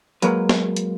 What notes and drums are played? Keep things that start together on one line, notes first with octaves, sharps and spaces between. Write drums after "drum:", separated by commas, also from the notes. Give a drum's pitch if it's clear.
F#3 G#3 A#3 B4, drum: hi-hat
drum: snare
drum: hi-hat